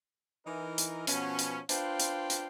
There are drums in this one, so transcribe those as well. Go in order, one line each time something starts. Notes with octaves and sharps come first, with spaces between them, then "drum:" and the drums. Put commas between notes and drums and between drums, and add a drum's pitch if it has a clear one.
E3 D#4 A#4
drum: hi-hat
B2 F3 B3 C#4, drum: hi-hat
drum: hi-hat
D4 F4 B4 C5 F5 G5, drum: hi-hat
drum: hi-hat
drum: hi-hat